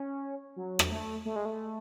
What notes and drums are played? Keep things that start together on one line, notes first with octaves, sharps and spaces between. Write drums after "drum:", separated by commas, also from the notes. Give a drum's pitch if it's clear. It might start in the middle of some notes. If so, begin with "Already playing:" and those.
Already playing: C#4
F#3
drum: rim click
A3
A3
G#3
A3